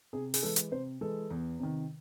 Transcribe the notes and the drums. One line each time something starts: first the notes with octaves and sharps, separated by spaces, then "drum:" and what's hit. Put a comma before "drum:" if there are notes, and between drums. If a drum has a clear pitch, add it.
C3 G#4
G#4, drum: open hi-hat
E3 G#3 A4
drum: hi-hat
C3 C5
E3 G#3 A4
E2
C3 D#3